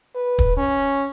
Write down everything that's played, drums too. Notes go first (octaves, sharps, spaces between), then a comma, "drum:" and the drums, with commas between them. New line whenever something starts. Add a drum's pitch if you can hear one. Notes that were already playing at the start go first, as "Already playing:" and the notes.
B4
drum: kick
C#4